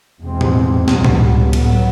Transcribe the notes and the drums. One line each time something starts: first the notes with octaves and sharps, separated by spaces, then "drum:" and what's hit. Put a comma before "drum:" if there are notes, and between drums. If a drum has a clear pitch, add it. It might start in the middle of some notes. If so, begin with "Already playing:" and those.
E2 B2 G#3 C4
drum: tom A2
C#2 B2 G3 B3, drum: snare
drum: tom A2
A2 F#3 B3, drum: cymbal